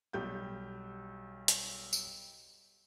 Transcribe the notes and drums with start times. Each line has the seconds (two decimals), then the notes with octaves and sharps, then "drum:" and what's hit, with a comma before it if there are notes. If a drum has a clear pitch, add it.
0.13 B1 G3 G5 G6
1.48 drum: hi-hat
1.93 drum: tambourine